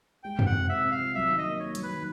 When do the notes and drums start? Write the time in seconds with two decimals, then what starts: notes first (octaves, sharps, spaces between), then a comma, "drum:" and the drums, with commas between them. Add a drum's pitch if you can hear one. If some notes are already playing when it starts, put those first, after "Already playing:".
0.23 G#3 G5
0.39 C3, drum: tom F2
0.46 F#5
0.55 C4
0.69 C4 E5
0.85 C4
0.91 F5
0.99 F3
1.14 F#3 E5
1.30 D#3
1.38 D#5
1.46 A#3
1.60 A#3 C#5
1.75 F#3, drum: hi-hat
1.83 B4
1.91 D#3